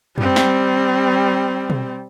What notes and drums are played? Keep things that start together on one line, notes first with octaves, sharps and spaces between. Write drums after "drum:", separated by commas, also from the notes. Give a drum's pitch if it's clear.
G3 C4, drum: tom F#2
drum: snare
drum: tom B2